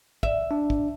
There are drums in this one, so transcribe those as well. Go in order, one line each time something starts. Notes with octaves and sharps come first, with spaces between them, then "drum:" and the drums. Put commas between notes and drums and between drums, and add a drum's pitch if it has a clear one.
E5, drum: kick
D4
drum: kick